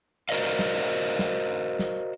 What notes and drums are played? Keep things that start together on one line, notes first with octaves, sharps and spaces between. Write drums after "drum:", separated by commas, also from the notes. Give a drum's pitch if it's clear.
F#4 A#4 C5 D5 D#5 F5
drum: snare
drum: snare
drum: snare